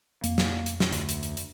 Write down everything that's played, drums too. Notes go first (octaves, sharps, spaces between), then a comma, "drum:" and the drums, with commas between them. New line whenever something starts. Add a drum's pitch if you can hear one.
F2 A#3, drum: hi-hat
drum: snare
drum: hi-hat
drum: snare
D2, drum: hi-hat
drum: hi-hat
drum: hi-hat
drum: hi-hat